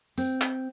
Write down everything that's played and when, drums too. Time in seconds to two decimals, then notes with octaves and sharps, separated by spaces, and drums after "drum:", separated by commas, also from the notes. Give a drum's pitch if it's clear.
0.18 C4, drum: tambourine
0.41 drum: clap